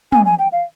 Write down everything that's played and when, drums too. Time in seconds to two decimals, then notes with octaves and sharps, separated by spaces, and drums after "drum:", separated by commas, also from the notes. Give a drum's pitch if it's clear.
0.12 G#5, drum: tom
0.25 G#5
0.39 G5
0.52 F5